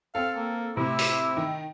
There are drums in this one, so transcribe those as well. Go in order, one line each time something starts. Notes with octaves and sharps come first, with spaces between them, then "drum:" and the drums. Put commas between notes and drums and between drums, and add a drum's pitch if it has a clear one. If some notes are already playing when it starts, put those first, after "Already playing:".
C4 A4 F5
A#3
A2 C3 E4
drum: open hi-hat
D#3